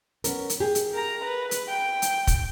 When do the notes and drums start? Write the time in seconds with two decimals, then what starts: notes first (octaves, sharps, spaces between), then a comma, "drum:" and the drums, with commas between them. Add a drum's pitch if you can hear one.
0.24 B3 C#4 A#4, drum: hi-hat
0.50 drum: hi-hat
0.60 G4 G#4
0.75 drum: hi-hat
0.94 A#4 A#5
1.25 B4
1.51 drum: hi-hat
1.69 G5
2.02 drum: hi-hat
2.27 drum: kick, hi-hat